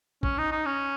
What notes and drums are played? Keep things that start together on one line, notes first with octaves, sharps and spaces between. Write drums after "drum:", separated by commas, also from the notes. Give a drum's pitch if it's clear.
C#4, drum: kick
D#4
D#4
C#4